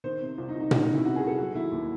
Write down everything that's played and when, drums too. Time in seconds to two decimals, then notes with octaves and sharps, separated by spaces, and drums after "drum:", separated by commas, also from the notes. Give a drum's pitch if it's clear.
0.04 D#3 C5
0.21 C3
0.38 C2
0.49 D#4
0.54 C2
0.60 D#4
0.71 D#3 C#4, drum: tom A#2
0.82 D#4
0.88 C3
0.93 E4
1.05 C2 F#4
1.16 G#4
1.21 C2
1.27 A4
1.38 F#3 F#4
1.55 D#3 E4
1.72 D#2